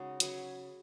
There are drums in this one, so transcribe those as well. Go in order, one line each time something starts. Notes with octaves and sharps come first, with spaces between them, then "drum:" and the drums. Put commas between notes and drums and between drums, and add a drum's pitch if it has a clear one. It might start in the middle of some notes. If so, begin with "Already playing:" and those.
Already playing: C#3 G#3 D#4 F#4
F#3 C#4 G#4 B4, drum: hi-hat